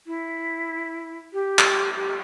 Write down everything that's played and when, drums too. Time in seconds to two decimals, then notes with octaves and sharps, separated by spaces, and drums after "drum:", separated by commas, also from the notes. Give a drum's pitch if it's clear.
0.06 E4
1.33 G4
1.59 drum: clap
1.96 G4